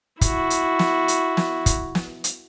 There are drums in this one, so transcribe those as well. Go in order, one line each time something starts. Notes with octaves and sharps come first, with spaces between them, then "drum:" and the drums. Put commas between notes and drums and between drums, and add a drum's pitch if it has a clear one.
E4 F#4, drum: kick, hi-hat
drum: hi-hat
drum: snare
drum: hi-hat
drum: snare
drum: kick, hi-hat
drum: snare
drum: hi-hat